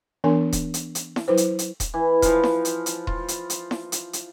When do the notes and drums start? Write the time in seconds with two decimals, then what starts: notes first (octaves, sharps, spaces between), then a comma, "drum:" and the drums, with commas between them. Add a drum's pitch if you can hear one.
0.24 E3 B3 D4 A#4 G#5
0.52 drum: kick D#1, hi-hat
0.74 drum: hi-hat
0.95 drum: hi-hat
1.16 drum: snare E4
1.28 F#3 E4 B4 C5
1.37 drum: hi-hat
1.59 drum: hi-hat
1.80 drum: kick D#1, hi-hat
1.94 E3
2.22 F3 B4 F5, drum: kick D#1, hi-hat
2.43 drum: snare E4
2.65 drum: hi-hat
2.86 drum: hi-hat
3.07 F4, drum: kick D#1
3.28 drum: hi-hat
3.50 drum: hi-hat
3.71 drum: snare E4
3.92 drum: hi-hat
4.13 drum: hi-hat